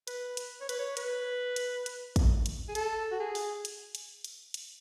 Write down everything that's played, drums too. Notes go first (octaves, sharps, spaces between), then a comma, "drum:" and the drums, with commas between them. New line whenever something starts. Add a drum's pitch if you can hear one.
B4, drum: hi-hat
drum: hi-hat
C#5
B4, drum: hi-hat
C#5
B4, drum: hi-hat
drum: hi-hat
drum: hi-hat
drum: kick, hi-hat
drum: hi-hat
G#4
A4, drum: hi-hat
F#4
G#4
drum: open hi-hat
drum: hi-hat
drum: hi-hat
drum: hi-hat
drum: hi-hat